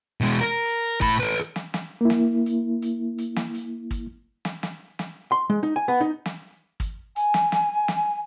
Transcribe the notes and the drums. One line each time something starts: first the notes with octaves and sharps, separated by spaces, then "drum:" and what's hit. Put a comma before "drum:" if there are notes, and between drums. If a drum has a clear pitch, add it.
B2 G#3
A#4
drum: hi-hat
A2 B5, drum: kick, hi-hat
A4 B4
drum: hi-hat
drum: snare
drum: snare
A#3 E4
drum: snare
drum: hi-hat
drum: hi-hat
drum: hi-hat
drum: snare
drum: hi-hat
drum: kick, hi-hat
drum: snare
drum: snare
drum: snare
C6
G#3
D#4
G#5
B3
D#4
drum: snare
drum: kick, hi-hat
G#5, drum: hi-hat
drum: snare
drum: snare
drum: snare